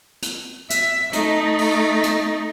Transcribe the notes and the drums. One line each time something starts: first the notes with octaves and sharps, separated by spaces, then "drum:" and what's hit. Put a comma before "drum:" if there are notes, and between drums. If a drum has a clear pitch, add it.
drum: hi-hat
E5, drum: hi-hat
A3 D#4, drum: hi-hat
drum: open hi-hat
drum: hi-hat